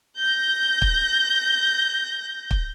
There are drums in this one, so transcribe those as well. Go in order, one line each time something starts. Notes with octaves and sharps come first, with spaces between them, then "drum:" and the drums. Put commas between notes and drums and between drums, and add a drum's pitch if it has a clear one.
G6 A#6
drum: kick
drum: kick